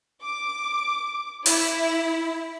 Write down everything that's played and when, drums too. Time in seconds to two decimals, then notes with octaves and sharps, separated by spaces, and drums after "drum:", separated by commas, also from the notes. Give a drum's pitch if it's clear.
0.23 D6
1.46 E4, drum: open hi-hat